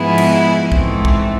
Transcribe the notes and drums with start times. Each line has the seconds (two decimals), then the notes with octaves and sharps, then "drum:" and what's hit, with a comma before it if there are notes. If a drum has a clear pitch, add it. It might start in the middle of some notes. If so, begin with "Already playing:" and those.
Already playing: G#2 F3 B3 E4 G#4
0.18 drum: cymbal
0.72 G#2 E3 A3 C4, drum: kick
1.05 drum: kick